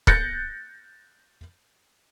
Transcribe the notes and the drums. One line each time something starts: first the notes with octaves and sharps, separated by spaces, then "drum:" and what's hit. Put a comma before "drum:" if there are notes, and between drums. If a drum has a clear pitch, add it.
F#6 G6 A6 A#6 C#7, drum: kick